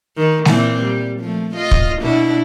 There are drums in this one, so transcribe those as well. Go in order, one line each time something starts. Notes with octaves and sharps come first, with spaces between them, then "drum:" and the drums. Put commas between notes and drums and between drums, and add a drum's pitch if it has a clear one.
D#3
A#2 E3 C4, drum: snare G#3
G3
F3 A3
F4 D#5
drum: kick
B2 D4 E4